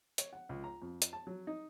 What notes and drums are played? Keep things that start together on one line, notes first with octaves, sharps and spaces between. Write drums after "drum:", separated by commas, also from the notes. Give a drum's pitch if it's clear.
C#5, drum: hi-hat
F#5
C#2
A#5
F2
drum: hi-hat
A5
F#3
D#4